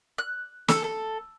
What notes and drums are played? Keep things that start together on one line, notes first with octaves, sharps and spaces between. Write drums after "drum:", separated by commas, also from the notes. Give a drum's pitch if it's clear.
F#6
A4, drum: snare
A4